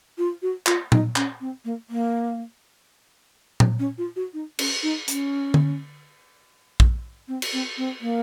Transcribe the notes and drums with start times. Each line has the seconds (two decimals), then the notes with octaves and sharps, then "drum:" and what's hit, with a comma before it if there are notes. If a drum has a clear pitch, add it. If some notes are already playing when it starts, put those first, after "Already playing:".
0.18 F4
0.42 F#4
0.66 F4, drum: clap
0.92 D#4, drum: tom A#2
1.16 C#4, drum: clap
1.41 C4
1.65 A#3
1.90 A#3
3.60 drum: tom A#2
3.79 C#4
3.98 F4
4.16 F#4
4.34 D#4
4.59 C#4, drum: cymbal
4.83 D#4
5.08 C#4, drum: hi-hat
5.54 drum: tom D3
6.80 drum: kick A#1
7.28 C4
7.42 drum: cymbal
7.53 C4
7.78 C4
8.01 A#3